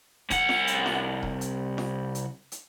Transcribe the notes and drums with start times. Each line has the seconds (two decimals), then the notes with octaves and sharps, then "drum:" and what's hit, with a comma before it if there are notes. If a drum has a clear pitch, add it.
0.30 C2 F#5, drum: kick D#1, hi-hat
0.49 drum: snare F4
0.67 drum: hi-hat
0.86 drum: snare F4
1.23 drum: kick D#1
1.41 drum: hi-hat
1.78 drum: snare F4
2.15 drum: hi-hat
2.52 drum: hi-hat